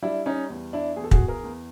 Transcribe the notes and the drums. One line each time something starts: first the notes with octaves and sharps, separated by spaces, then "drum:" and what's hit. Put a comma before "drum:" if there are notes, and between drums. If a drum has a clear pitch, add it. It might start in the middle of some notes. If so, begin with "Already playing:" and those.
G3 D4 E4
C#4 D#4
E2
D4 E4
E2 G#4
A4
F#4 G#4, drum: kick
G#4 A#4
E2